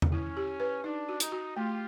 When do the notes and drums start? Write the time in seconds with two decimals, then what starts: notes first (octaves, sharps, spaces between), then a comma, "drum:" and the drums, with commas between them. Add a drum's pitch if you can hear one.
0.02 drum: tom E2
0.12 C#4 E4
0.37 G4
0.60 B4
0.84 D4 D#4
1.09 F#4
1.20 D#4, drum: hi-hat
1.32 F#4
1.56 A3 F4 G4